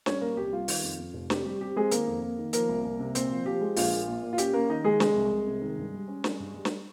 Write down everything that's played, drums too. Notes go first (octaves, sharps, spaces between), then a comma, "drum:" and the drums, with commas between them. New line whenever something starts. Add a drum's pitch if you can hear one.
G3 C#4 C#5, drum: snare
A#2 A#3 A#4
C2 G4
G3 F4
D#3, drum: open hi-hat
F2
F2
F1
C4 G4, drum: snare
G3 G4
C4 G4
G#3 C4 G#4
D#3 A#3 A#4, drum: hi-hat
F2
A#3
D#3
F3 A#3 A#4, drum: hi-hat
C2
C2
C3
A#2 C4 C5, drum: hi-hat
F3
F3 G4
G#3
A#1 F4, drum: open hi-hat
A#2
A#2
A#2
F4
C#4 G4, drum: hi-hat
A#3 C#4 A#4
D#3 D#4 D#5
D#3 G#3 G#4
C3 G#3 G#4, drum: snare
C2
C2
C3
D#3
G2
G3
C#4
G3, drum: snare
G2
G3
drum: snare